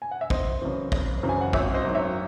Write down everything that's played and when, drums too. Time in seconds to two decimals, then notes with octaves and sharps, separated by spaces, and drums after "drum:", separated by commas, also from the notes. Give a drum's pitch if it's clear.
0.02 G#5
0.11 F#5
0.21 E5
0.30 F#1 C5 D#5, drum: kick
0.61 F#2 C#3 E3 C4
0.92 F#1, drum: kick
1.23 F#2 C#3 E3 C4
1.29 G#5
1.41 F#5
1.53 G#1 C#5 E5, drum: kick
1.74 C5 D#5
1.85 F#2 D#3 F#3
1.94 C#5 E5